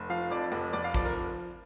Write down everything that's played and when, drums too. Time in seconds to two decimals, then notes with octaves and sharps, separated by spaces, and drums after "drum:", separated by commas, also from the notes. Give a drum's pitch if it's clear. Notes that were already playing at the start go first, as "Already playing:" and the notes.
Already playing: F1
0.10 F3 F5
0.31 F2 D5
0.52 F1
0.73 F1 D5
0.84 F5
0.94 F3 D5, drum: kick A1
1.05 A#4